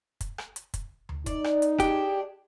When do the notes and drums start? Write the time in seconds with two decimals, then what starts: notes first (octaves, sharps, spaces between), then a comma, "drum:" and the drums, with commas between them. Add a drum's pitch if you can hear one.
0.21 drum: kick, hi-hat
0.38 drum: rim click
0.56 drum: hi-hat
0.74 drum: kick, hi-hat
1.09 drum: tom D2
1.26 D#4 D5, drum: kick, hi-hat
1.44 drum: rim click
1.62 drum: hi-hat
1.80 G#3 D4 G4, drum: kick, hi-hat